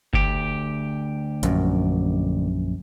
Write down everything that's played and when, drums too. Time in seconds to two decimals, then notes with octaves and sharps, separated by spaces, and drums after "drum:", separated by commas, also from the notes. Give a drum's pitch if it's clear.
0.13 D2 G4, drum: kick G1
1.43 A#1 F#2, drum: hi-hat